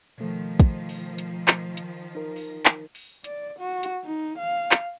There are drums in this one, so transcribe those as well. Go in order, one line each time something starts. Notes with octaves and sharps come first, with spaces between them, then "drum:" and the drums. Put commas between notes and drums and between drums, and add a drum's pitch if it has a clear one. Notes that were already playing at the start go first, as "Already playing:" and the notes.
B2 D#3 F3 A3
drum: kick, hi-hat
drum: open hi-hat
drum: hi-hat
drum: clap
drum: hi-hat
D#4 A#4
drum: open hi-hat
drum: clap
drum: open hi-hat
D5, drum: hi-hat
F#4
drum: hi-hat
D#4
F5
drum: clap